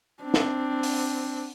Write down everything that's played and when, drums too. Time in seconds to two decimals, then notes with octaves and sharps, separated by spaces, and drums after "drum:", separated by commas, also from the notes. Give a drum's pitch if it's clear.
0.23 C4 D4
0.34 drum: snare
0.83 drum: open hi-hat